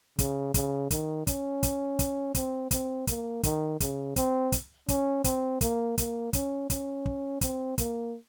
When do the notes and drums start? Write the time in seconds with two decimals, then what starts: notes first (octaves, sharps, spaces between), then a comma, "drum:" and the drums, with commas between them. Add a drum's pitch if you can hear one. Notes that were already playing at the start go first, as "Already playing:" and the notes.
0.19 C#3, drum: kick, hi-hat
0.54 C#3, drum: kick, hi-hat
0.91 D#3, drum: kick, hi-hat
1.27 C#4, drum: kick, hi-hat
1.63 drum: kick, hi-hat
1.99 drum: kick, hi-hat
2.35 C4, drum: kick, hi-hat
2.71 C4, drum: kick, hi-hat
3.07 A#3, drum: kick, hi-hat
3.43 D#3, drum: kick, hi-hat
3.80 C#3, drum: kick, hi-hat
4.16 C4, drum: kick, hi-hat
4.52 drum: kick, hi-hat
4.88 C#4, drum: kick, hi-hat
5.24 C4, drum: kick, hi-hat
5.61 A#3, drum: kick, hi-hat
5.98 A#3, drum: kick, hi-hat
6.33 C#4, drum: kick, hi-hat
6.70 C#4, drum: kick, hi-hat
7.06 drum: kick
7.41 C4, drum: kick, hi-hat
7.78 A#3, drum: kick, hi-hat